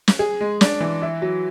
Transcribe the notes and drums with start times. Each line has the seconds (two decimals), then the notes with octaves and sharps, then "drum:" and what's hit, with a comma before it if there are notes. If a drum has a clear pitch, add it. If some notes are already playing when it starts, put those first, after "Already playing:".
0.08 drum: snare
0.19 G#4
0.41 G#3
0.61 D4, drum: snare
0.81 E3
1.02 E4
1.22 F#3